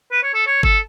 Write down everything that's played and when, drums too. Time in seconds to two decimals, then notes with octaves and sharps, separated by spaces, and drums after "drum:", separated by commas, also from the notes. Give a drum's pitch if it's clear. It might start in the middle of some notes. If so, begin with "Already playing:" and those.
0.12 B4
0.23 C#5
0.34 A4
0.46 C#5
0.63 A4, drum: kick G1